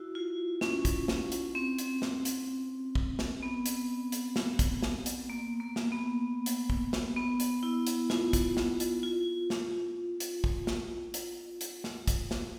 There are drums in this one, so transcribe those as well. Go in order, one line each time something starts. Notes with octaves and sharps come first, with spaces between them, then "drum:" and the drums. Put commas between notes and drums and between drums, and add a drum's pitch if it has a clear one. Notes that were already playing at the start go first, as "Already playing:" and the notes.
Already playing: E4 F#4
F4
C#4, drum: snare
drum: kick, hi-hat
drum: snare
drum: hi-hat
C4
drum: hi-hat
drum: snare
drum: hi-hat
drum: kick
drum: snare
B3
drum: hi-hat
drum: hi-hat
drum: snare
drum: kick, hi-hat
drum: snare
drum: hi-hat
A#3
A#3
drum: snare
B3
drum: hi-hat
drum: kick
drum: snare
B3
drum: hi-hat
E4
drum: hi-hat
F4, drum: snare
drum: kick, hi-hat
drum: snare
drum: hi-hat
F4
drum: snare
drum: hi-hat
drum: kick
drum: snare
drum: hi-hat
drum: hi-hat
drum: snare
drum: kick, hi-hat
drum: snare